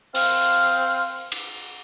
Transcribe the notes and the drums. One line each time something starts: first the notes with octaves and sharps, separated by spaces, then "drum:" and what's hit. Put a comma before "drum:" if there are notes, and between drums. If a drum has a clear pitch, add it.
C4 F5, drum: open hi-hat
drum: cymbal